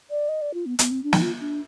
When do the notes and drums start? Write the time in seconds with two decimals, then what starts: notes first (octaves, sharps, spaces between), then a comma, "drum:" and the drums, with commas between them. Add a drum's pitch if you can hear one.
0.10 D5
0.29 D#5
0.42 D5
0.54 F4
0.66 B3
0.79 B3, drum: hi-hat
0.91 C4
1.03 D4
1.13 D#4, drum: snare
1.22 F4
1.40 D4